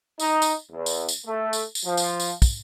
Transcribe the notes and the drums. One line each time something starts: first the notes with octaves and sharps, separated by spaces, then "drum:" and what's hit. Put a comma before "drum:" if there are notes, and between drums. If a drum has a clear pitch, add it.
D#4, drum: tambourine
drum: tambourine
E2
drum: tambourine
drum: tambourine
A3
drum: tambourine
drum: tambourine
F3
drum: tambourine
drum: tambourine
drum: kick, tambourine